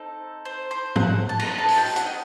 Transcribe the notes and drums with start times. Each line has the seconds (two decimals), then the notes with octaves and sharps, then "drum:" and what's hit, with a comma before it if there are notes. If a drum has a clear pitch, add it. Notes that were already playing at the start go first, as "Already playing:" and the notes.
Already playing: C4 D#4 A4
0.45 C5
0.71 C5
0.96 F#5, drum: tom
1.29 A5
1.39 A#5, drum: cymbal
1.58 A5
1.68 drum: open hi-hat
1.78 G5
1.96 F#5, drum: hi-hat
2.06 D#5